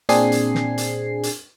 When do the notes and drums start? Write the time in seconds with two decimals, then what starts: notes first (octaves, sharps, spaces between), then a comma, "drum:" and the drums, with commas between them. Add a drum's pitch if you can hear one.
0.09 A#2 C4 D4 G#4 G#5 C7, drum: hi-hat
0.32 drum: hi-hat
0.55 drum: snare
0.78 drum: hi-hat
1.23 drum: hi-hat